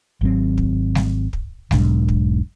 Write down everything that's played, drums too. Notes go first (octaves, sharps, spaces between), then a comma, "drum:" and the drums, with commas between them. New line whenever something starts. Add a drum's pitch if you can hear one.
G#1 F#3 C4
drum: kick
drum: snare G3
drum: kick
E1 B1 G#2 D4, drum: snare G3
drum: kick